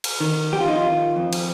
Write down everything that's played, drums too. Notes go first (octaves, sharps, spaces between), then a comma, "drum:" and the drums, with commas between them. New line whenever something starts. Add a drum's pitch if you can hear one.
drum: cymbal
D#3
F2 G4
F4
D#4
F4
D#3
F2
drum: cymbal